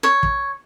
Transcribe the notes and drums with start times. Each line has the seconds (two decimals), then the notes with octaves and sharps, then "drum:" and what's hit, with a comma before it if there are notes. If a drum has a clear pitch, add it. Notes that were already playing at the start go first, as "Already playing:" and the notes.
0.03 C#5
0.23 drum: kick